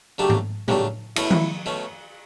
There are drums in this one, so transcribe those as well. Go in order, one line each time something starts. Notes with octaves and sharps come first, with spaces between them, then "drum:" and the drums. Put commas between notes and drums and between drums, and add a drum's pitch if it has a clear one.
C#3 F#3 A3 D4 G4
drum: tom G#2
C#3 F#3 A3 D4 G4, drum: tom
B2 A3 C#4 E4, drum: cymbal
drum: tom D#3
B2 A3 C#4